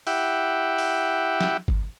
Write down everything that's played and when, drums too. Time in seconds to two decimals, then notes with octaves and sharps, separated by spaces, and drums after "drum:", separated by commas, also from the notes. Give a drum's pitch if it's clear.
0.07 E4 G4 E5 F#5 G5, drum: open hi-hat
0.78 drum: open hi-hat
1.41 drum: snare
1.68 drum: kick